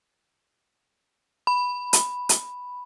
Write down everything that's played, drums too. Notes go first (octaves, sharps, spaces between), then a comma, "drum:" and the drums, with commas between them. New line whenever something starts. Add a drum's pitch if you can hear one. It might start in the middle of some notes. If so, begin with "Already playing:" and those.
B5
drum: hi-hat
drum: hi-hat